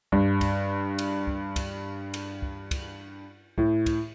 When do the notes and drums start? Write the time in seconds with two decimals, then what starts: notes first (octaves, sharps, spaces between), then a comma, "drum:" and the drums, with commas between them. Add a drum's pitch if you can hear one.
0.12 G2, drum: kick
0.41 drum: kick, cymbal
0.98 drum: cymbal
1.27 drum: kick
1.56 drum: kick, cymbal
2.14 drum: cymbal
2.42 drum: kick
2.71 drum: kick, cymbal
3.58 A2, drum: kick
3.86 drum: kick, cymbal